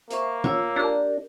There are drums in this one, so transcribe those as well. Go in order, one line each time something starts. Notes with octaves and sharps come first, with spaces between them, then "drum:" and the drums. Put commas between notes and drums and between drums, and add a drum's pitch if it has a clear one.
A#3 C5 E5 C#6, drum: hi-hat
F4 C#5 E6, drum: tom E3
D4 G4 A#4